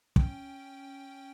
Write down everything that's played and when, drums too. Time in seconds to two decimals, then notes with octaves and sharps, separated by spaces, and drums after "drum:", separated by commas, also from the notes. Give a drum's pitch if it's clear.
0.16 C#4 G5, drum: kick